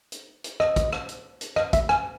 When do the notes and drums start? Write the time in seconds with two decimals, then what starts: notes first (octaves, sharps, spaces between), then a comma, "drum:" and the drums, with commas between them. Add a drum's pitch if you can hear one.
0.12 drum: hi-hat
0.44 drum: hi-hat
0.60 D#5, drum: rim click
0.76 drum: kick, hi-hat
0.93 drum: rim click
1.09 drum: hi-hat
1.41 drum: hi-hat
1.56 D#5, drum: rim click
1.73 E5, drum: kick, hi-hat
1.89 G#5, drum: rim click